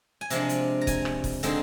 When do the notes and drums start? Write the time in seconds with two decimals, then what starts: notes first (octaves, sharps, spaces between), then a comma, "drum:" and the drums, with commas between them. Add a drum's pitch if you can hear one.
0.21 G#5
0.30 C3 F3 G#3 D4 A#5, drum: hi-hat
0.49 drum: hi-hat
0.81 A#5
0.87 G#5, drum: kick, hi-hat
1.05 drum: rim click
1.24 drum: kick, open hi-hat
1.43 D3 G#3 C4 D#4, drum: hi-hat